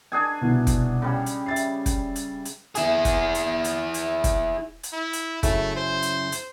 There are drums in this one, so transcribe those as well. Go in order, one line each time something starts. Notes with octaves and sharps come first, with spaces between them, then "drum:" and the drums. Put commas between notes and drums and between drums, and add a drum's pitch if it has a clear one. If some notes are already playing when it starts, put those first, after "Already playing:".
D4 G#4 G#5
C2 B2
drum: kick, hi-hat
C#3 G3
drum: hi-hat
E5 A6 C7
drum: hi-hat
drum: kick, hi-hat
drum: hi-hat
drum: hi-hat
E4 G#4, drum: hi-hat
drum: kick, hi-hat
drum: hi-hat
drum: hi-hat
drum: hi-hat
drum: kick, hi-hat
drum: hi-hat
E4
drum: hi-hat
F#2 C#3 A3 E4, drum: kick, hi-hat
C5
drum: hi-hat
drum: hi-hat